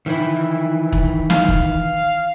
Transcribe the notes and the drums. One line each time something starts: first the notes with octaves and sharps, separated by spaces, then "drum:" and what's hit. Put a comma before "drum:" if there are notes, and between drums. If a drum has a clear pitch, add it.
D#3 E3 E4
drum: kick E1
F5, drum: snare
drum: kick E1